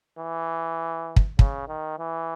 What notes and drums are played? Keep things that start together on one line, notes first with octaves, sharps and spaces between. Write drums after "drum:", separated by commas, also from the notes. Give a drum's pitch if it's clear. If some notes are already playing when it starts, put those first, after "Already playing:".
E3
drum: kick
C#3, drum: kick
D#3
E3